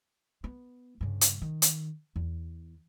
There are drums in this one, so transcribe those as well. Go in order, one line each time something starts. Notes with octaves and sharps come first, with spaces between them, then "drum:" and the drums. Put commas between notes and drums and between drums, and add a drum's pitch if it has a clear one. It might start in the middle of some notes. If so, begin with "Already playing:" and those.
B3
G2 C#3
drum: hi-hat
D#3
drum: hi-hat
E2